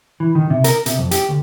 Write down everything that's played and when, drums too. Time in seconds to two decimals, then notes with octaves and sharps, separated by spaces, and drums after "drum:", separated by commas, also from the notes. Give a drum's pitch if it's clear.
0.20 E3
0.35 D#3
0.50 C3
0.64 A#4, drum: hi-hat
0.86 C3, drum: hi-hat
0.99 F2
1.11 G4, drum: hi-hat
1.29 D2